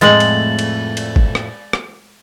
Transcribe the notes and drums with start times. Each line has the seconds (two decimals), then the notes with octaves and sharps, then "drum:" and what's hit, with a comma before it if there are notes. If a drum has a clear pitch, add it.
0.01 F2 A2 F3 G#3 C4 A6 F#7
0.20 drum: cymbal
0.59 drum: cymbal
0.97 drum: cymbal
1.16 drum: kick G1
1.35 drum: rim click
1.73 drum: rim click